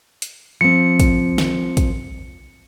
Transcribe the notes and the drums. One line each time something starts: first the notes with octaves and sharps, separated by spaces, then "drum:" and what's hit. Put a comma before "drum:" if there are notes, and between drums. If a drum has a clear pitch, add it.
drum: hi-hat
F3 C4 C#7
drum: kick, hi-hat
drum: snare
drum: kick, hi-hat